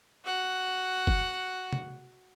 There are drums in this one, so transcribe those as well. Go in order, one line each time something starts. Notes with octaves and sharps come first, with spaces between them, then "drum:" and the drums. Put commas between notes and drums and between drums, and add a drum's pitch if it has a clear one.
F#4 F#5
drum: kick
drum: tom